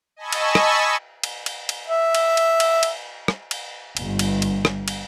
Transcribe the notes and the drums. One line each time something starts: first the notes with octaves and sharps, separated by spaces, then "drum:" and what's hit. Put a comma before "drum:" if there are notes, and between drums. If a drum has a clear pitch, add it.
D#5 G#5 A5 B5 C#6 E6
drum: cymbal
drum: rim click
drum: cymbal
drum: cymbal
drum: cymbal
E5
drum: cymbal
drum: cymbal
drum: cymbal
drum: cymbal
drum: rim click
drum: cymbal
G1, drum: cymbal
drum: cymbal
drum: cymbal
drum: rim click
drum: cymbal